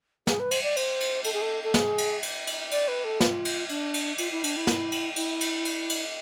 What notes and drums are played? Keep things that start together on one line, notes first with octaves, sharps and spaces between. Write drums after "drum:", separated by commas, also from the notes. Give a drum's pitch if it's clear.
G#4, drum: snare
B4
C5, drum: cymbal
D5
C5, drum: cymbal
drum: cymbal
A4, drum: cymbal
G#4
A4
A4
G#4, drum: snare
drum: cymbal
drum: cymbal
drum: cymbal
D5, drum: cymbal
B4
A4
F4, drum: snare
drum: cymbal
D4, drum: cymbal
drum: cymbal
F4, drum: cymbal
E4
D4, drum: cymbal
E4
drum: snare
drum: cymbal
E4, drum: cymbal
drum: cymbal
drum: cymbal
drum: cymbal